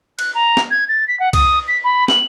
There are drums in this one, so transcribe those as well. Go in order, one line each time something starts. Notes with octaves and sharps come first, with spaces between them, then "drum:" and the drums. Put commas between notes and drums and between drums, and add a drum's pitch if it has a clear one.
F#6, drum: cymbal
A#5
drum: snare
G#6
A6
B6
F#5
D#6, drum: kick C2, cymbal
B6
B5
F#7, drum: snare